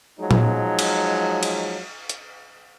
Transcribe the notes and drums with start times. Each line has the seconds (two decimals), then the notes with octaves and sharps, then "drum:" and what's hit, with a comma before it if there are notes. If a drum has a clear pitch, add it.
0.19 F3 F#3 G#3 D#4
0.31 drum: tom A#2
0.79 drum: cymbal
1.43 drum: cymbal
2.09 drum: hi-hat